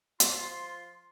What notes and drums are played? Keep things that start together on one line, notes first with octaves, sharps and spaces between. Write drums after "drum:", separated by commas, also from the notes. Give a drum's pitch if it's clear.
F3 F4 C6, drum: hi-hat